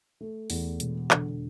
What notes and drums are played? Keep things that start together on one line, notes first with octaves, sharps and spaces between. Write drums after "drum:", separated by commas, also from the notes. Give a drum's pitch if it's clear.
A3
E2, drum: open hi-hat
E1, drum: hi-hat
D3, drum: clap